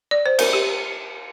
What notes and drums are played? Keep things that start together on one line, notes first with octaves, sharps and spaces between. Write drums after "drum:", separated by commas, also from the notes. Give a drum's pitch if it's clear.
D5
C5
A#4, drum: cymbal
G4